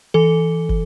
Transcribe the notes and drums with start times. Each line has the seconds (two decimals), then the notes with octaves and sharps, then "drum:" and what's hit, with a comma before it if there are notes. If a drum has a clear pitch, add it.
0.14 E3 A4
0.69 drum: kick